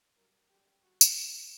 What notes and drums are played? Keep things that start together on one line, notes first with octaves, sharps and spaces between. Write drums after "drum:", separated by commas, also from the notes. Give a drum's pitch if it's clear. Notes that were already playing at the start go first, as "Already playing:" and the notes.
G2 F#3 A#4
F#2 D3 G3 G4
G2 D3 G3 F#4
drum: tambourine
F#2 E3 G3